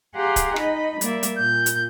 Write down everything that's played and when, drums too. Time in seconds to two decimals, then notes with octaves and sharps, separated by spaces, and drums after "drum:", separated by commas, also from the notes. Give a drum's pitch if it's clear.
0.15 G4 G#4 F5 F#5 A#5 C6
0.36 drum: kick C#1, hi-hat
0.56 D#4 D#5 B5, drum: rim click
1.01 G3 A#3 D5 E5, drum: hi-hat
1.23 drum: hi-hat
1.38 A#2 G6
1.66 drum: hi-hat